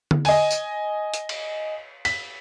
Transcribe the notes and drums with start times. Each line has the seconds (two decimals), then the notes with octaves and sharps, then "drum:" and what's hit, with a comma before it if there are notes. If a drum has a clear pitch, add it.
0.11 drum: tom
0.25 D#5 G#5, drum: open hi-hat
0.51 drum: tambourine
1.14 drum: hi-hat
1.29 drum: cymbal
2.05 B6, drum: cymbal